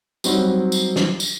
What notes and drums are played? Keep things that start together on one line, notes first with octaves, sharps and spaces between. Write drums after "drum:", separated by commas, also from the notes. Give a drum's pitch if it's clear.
F#3 G3 C4 D#4 F#4, drum: tambourine
drum: tambourine
drum: snare
drum: tambourine